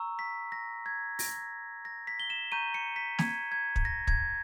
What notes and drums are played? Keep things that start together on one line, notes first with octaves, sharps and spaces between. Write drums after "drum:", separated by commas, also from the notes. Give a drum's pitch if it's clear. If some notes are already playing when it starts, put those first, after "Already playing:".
Already playing: A#5 C#6 E6
B6
A#6
G#6
A#6, drum: open hi-hat
A#6
B6
G7
E7
A#5 C#6 G6 D#7
C#7
B6
G#6, drum: snare
G#6
drum: kick
A#6
G#6, drum: kick